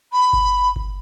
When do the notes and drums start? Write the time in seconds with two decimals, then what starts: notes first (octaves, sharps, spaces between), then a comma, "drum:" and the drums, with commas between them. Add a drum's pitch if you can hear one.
0.12 B5
0.33 drum: kick G1
0.76 drum: kick G1